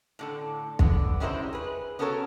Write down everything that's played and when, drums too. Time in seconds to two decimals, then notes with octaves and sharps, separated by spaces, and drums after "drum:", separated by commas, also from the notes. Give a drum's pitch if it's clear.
0.19 A2 D3 A4
0.79 D3 B3, drum: kick
1.20 G3 G#3 C#4 E4 A#4 C5
1.53 G#4 B4
1.99 B3 C#4 F#4 A4 A#4 C#5